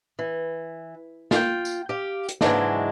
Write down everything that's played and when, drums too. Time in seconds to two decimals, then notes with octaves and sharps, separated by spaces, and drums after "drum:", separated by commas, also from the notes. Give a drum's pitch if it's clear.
0.19 E3
1.31 F4 G5, drum: snare
1.65 drum: tambourine
1.89 G4 F5
2.29 drum: hi-hat
2.41 G#2 C#3 E3 F#3 G#3 D4, drum: snare